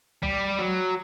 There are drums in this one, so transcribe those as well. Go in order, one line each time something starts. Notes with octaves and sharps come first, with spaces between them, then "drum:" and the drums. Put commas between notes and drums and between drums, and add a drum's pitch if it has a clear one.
G3, drum: kick B1
F#3